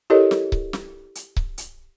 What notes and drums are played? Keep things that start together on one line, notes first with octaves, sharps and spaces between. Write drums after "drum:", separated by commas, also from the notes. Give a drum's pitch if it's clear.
E4 G4 A4 A#4 C#5 D#5
drum: snare
drum: kick C#1
drum: snare
drum: hi-hat
drum: kick C#1
drum: hi-hat